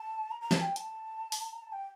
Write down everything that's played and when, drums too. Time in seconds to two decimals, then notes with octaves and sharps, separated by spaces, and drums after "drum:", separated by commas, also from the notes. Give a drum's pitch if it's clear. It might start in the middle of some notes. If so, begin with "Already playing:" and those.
Already playing: A5
0.31 A#5
0.41 A#5
0.51 A5, drum: snare
0.61 G5
0.76 A5, drum: hi-hat
1.32 drum: open hi-hat
1.52 A#5
1.62 A5
1.72 G5